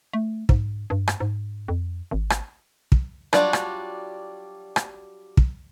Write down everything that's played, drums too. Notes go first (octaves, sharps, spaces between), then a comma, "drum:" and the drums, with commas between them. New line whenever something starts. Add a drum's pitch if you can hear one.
A3
G#2, drum: kick
G2
drum: rim click
G#2
F2
G#1
drum: rim click
drum: kick
F#3 G3 D4 F4 F#4, drum: rim click
drum: rim click
drum: rim click
drum: kick